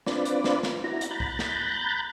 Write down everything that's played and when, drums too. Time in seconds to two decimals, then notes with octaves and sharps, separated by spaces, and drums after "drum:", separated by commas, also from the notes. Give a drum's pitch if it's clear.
0.06 C4 D4 F4 B4 D5, drum: snare
0.25 drum: hi-hat
0.44 drum: snare
0.63 drum: snare
0.84 E4 F#4 A#5
1.01 drum: hi-hat
1.11 A#5 B5 F#6 G6 A6
1.20 drum: kick
1.39 drum: snare